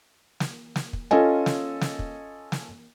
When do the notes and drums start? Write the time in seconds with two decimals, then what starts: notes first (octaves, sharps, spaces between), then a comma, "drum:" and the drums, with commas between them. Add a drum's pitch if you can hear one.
0.40 drum: snare
0.76 drum: snare
0.93 drum: kick
1.11 C#4 F4 A4 D#5 G#5
1.46 drum: snare
1.81 drum: snare
1.99 drum: kick
2.52 drum: snare